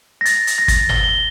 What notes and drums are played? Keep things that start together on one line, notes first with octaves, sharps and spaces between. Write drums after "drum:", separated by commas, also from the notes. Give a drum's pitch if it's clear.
A#6
A6, drum: hi-hat
drum: hi-hat
A#6
A6, drum: kick, hi-hat
G7, drum: tom G1
G7